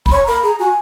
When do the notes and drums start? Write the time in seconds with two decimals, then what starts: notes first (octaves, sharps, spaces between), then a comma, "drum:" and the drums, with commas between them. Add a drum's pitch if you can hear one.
0.06 B5, drum: kick
0.12 C#5 C#6
0.24 A#5
0.28 A#4 B5
0.43 G#4 A#5
0.59 F#4 G#5